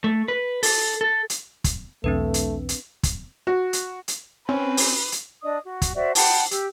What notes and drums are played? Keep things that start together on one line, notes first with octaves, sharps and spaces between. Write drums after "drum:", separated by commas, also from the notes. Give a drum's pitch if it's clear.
A3
B4
A4, drum: open hi-hat
A4
drum: hi-hat
drum: kick, hi-hat
B1 E2 A3 C4 D4 B4
drum: hi-hat
drum: hi-hat
drum: kick, hi-hat
F#4
drum: hi-hat
drum: hi-hat
C4 C#4 B4
drum: open hi-hat
drum: hi-hat
D4 D5 D#5 D#6
F#4
drum: kick, hi-hat
F#4 C5 D5 E5
F#5 G5 A5 B5, drum: open hi-hat
G4 E6, drum: hi-hat